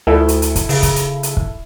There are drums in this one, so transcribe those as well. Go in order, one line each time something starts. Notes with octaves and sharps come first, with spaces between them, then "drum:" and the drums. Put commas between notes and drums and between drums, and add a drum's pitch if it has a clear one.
D2 E4 A4
drum: hi-hat
drum: hi-hat
drum: kick, hi-hat
C#3, drum: open hi-hat
drum: kick, hi-hat
drum: hi-hat
drum: hi-hat
drum: kick